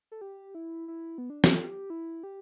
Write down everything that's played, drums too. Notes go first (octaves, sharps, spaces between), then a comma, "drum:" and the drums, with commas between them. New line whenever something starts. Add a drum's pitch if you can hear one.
A4
G4
E4
E4
B3
D4
E4, drum: snare
G4
E4
G4